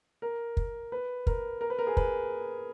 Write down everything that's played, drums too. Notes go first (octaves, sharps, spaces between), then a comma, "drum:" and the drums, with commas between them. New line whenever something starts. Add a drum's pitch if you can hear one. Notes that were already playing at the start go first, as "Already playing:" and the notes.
A#4
drum: kick
B4
A#4, drum: kick
A#4
B4
A#4
G#4
B4, drum: kick